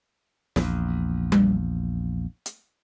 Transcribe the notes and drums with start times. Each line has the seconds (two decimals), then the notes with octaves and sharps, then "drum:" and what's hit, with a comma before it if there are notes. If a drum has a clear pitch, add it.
0.56 A#1 E2, drum: snare
1.32 drum: tom G3
2.46 drum: hi-hat